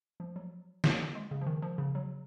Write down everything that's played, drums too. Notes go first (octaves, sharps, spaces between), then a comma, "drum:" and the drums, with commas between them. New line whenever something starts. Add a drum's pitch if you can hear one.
F3
F#3
drum: snare
G#3
C#3
F3
D#3
F3
C#3
F#3